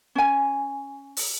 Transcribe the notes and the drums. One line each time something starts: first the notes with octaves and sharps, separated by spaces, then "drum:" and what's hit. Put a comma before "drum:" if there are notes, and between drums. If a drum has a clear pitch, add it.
C#4 G#5
drum: open hi-hat